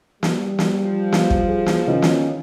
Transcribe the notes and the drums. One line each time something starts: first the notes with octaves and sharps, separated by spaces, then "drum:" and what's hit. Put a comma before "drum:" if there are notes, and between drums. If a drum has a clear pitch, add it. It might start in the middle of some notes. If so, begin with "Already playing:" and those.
G3, drum: snare
drum: snare
F3
drum: snare
drum: kick
G#4
drum: snare
D#3 C#4 F4
drum: snare